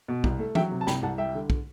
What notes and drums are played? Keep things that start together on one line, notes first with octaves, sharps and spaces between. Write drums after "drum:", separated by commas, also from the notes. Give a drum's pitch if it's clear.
B2
C2, drum: kick
A3
F#3 E5 G5, drum: tom
C3
A5
C2 G5 B5, drum: snare
C2 F#5 A5
G3 E5 G5
D3
drum: kick